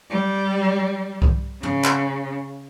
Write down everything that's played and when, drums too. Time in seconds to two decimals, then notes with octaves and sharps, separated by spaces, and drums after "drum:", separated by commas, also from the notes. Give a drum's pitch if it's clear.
0.10 G3
1.22 drum: kick C2
1.63 C#3, drum: tom
1.84 drum: clap